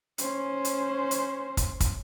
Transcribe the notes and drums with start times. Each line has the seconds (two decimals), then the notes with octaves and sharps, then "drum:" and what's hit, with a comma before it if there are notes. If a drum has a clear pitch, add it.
0.18 C#4 C5, drum: hi-hat
0.65 drum: hi-hat
1.11 drum: hi-hat
1.57 drum: kick, hi-hat
1.80 drum: kick, hi-hat